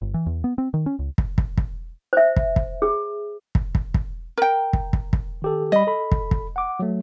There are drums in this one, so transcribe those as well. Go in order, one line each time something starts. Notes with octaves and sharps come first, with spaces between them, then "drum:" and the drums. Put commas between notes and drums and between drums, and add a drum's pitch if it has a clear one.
G1
E3
E2
B3
C4
D#3
C#4
C#2
drum: kick
drum: kick
drum: kick
C5 E5
drum: kick
drum: kick
G#4
drum: kick
drum: kick
drum: kick
A#4 G5
drum: kick
drum: kick
drum: kick
D#3 G4 A4
G3 D#5 B5
A4 B5
drum: kick
drum: kick
F#5 D6
F#3 A3